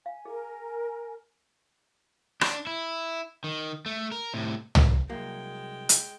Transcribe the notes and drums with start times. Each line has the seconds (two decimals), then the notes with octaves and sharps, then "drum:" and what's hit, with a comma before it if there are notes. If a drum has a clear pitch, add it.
0.06 F5 G#5
0.25 G#4 A#4
2.41 D4, drum: rim click
2.67 E4
3.44 D#3
3.86 A3
4.12 A#4
4.34 A2 C3
4.75 drum: tom
5.09 C2 F#3 G#3 A#3 G5
5.89 drum: hi-hat